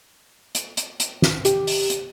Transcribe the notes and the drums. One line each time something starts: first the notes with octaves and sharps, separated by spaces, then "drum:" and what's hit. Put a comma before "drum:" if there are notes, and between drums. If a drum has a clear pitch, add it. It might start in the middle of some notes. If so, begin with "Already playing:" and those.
drum: hi-hat
drum: hi-hat
drum: hi-hat
drum: snare
G4, drum: hi-hat
drum: open hi-hat
drum: hi-hat